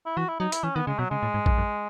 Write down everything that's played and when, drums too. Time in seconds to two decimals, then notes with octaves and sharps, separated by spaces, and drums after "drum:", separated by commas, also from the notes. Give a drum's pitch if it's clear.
0.06 E4
0.17 E3 F#4
0.28 E4
0.40 F#3 D#4
0.52 E4, drum: hi-hat
0.63 E3 C#4
0.75 D#3 B3
0.87 C#3 G#3
0.99 B2 F#3
1.10 C#3 G#3
1.23 A2
1.34 G#2
1.46 F#2, drum: kick
1.58 F#2